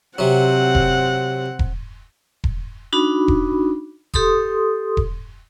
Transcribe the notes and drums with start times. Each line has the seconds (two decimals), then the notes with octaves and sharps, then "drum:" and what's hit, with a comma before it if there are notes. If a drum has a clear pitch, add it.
0.18 C3 F#3 C4 F#5
0.75 drum: kick E1
1.59 drum: kick E1
2.44 drum: kick E1
2.93 D4 D#4 F#4 B5
3.28 drum: kick E1
4.14 G4 A4 C6 D#6, drum: kick E1
4.97 drum: kick E1